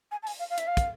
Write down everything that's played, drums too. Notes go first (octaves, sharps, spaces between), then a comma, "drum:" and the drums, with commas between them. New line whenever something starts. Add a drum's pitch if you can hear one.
G#5
A5
G#5, drum: open hi-hat
F5
F5
E5, drum: hi-hat
F5
drum: kick, hi-hat